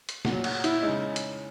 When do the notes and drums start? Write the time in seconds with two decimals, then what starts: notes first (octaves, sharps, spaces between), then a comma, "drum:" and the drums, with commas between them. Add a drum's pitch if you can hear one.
0.09 drum: hi-hat
0.25 A#2 F#3 F#4, drum: snare
0.44 F#4, drum: cymbal
0.64 E4, drum: hi-hat
0.82 C#3 G#3 D#4
1.16 drum: hi-hat